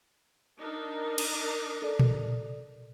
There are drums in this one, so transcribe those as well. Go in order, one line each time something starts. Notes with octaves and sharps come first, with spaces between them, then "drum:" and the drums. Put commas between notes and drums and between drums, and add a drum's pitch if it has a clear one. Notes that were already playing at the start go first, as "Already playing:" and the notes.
D4 D#4 A#4
drum: cymbal
A4 D5
drum: tom A#2